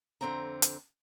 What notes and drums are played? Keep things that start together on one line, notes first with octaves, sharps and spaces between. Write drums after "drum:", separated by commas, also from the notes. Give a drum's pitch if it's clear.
F2 D3 A#3 C4 D5 A#5
drum: hi-hat